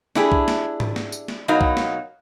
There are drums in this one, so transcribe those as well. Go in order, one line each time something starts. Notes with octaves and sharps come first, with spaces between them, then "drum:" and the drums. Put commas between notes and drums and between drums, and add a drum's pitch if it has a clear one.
D4 E4 G4 G#4, drum: snare
drum: kick
drum: snare
drum: tom G#2
drum: snare
drum: tambourine
drum: snare
B2 F#3 D#4 A#4 F5
drum: kick
drum: snare